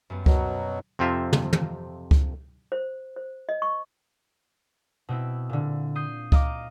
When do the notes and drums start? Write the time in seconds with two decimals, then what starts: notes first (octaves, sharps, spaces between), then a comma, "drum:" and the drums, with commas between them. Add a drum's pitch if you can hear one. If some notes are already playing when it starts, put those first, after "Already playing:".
0.10 F#2 G3 B3
0.26 B2 F#3 A#4, drum: kick C#2
0.99 F2 C3 C4 F4 E5
1.33 drum: tom
1.53 drum: tom
2.11 drum: kick C#2
2.72 C5
3.16 C5
3.49 D#5
3.62 C#6
5.09 B2 C4 E4
5.49 A#2 D3
5.95 D#6 G6 C7
6.32 D#5 F5 A#5 D6 D#6, drum: kick C#2